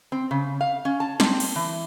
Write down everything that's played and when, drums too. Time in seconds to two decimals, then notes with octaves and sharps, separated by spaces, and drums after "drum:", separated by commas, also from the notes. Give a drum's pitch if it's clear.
0.12 C4
0.31 C#3
0.61 F5
0.85 C#4
1.00 A5
1.20 C4, drum: snare
1.40 drum: cymbal
1.56 E3